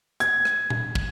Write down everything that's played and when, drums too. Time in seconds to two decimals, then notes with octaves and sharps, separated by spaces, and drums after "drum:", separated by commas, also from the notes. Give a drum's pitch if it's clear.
0.20 G#6, drum: hi-hat
0.45 drum: rim click
0.70 drum: tom A#2
0.95 drum: kick